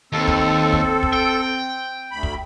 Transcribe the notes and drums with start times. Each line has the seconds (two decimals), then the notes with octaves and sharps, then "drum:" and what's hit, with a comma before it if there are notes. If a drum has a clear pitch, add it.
0.13 D#2 C4 A4
0.28 drum: kick
0.73 drum: kick
1.03 drum: kick
1.13 G5
2.12 D2 B5
2.23 drum: kick